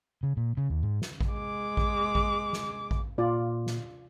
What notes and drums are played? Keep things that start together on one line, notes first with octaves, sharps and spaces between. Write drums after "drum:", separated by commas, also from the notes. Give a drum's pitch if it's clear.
C#3
A#2
C#3
D#2
G#2
drum: snare
drum: kick A1
G#3 D6
drum: kick A1
drum: kick A1
drum: snare
drum: kick A1
A#2 F4 D5
drum: snare